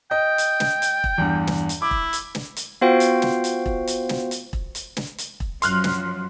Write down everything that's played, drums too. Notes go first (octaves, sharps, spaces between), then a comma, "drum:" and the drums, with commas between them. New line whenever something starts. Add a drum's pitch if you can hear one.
D#5 G5
drum: hi-hat
drum: snare
drum: hi-hat
drum: kick E1
E2 G2
drum: snare
drum: hi-hat
E4 D6
drum: kick E1
drum: hi-hat
drum: snare
drum: hi-hat
B3 F4 F#4 C5 F5 G5
drum: hi-hat
drum: snare
drum: hi-hat
drum: kick E1
drum: hi-hat
drum: snare
drum: hi-hat
drum: kick E1
drum: hi-hat
drum: snare
drum: hi-hat
drum: kick E1
F#2 F3 F#3 C6 F6 F#6, drum: hi-hat
drum: snare